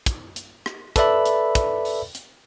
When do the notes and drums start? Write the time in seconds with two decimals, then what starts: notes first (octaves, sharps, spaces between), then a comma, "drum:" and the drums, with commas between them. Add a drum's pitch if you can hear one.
0.06 drum: kick, hi-hat
0.36 drum: hi-hat
0.66 drum: rim click
0.96 A4 B4 D5 E5 B5, drum: kick, hi-hat
1.26 drum: hi-hat
1.55 drum: kick, hi-hat
1.85 drum: open hi-hat
2.15 drum: hi-hat